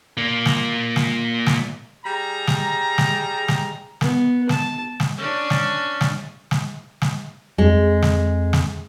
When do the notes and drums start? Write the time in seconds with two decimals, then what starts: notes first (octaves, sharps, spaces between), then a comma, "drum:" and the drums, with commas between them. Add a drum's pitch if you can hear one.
0.17 A#2 A#3
0.46 drum: snare
0.96 drum: snare
1.46 drum: snare
2.05 G3 G#4 A#5
2.47 drum: snare
2.98 drum: snare
3.48 drum: snare
4.01 B3, drum: snare
4.49 A5, drum: snare
5.00 drum: snare
5.18 C#4 D4
5.50 drum: snare
6.01 drum: snare
6.51 drum: snare
7.02 drum: snare
7.58 F2 G#3
8.02 drum: snare
8.53 drum: snare